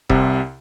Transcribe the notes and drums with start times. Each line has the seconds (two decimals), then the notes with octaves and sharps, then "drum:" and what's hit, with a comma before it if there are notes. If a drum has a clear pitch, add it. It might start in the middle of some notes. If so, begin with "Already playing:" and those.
0.09 C2 C3, drum: kick E1